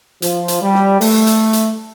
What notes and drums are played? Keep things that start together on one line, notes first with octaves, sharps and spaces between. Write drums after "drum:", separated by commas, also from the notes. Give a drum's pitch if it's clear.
F3, drum: hi-hat
drum: hi-hat
G3
drum: snare
A3, drum: open hi-hat
drum: hi-hat
drum: hi-hat